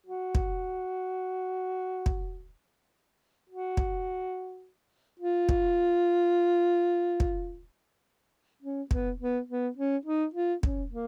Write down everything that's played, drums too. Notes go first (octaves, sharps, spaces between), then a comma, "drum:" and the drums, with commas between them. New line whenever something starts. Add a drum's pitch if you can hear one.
F#4
drum: kick
drum: kick
F#4
drum: kick
F4
drum: kick
drum: kick
C#4
B3, drum: kick
B3
B3
C#4
D#4
F4
C#4, drum: kick
A#3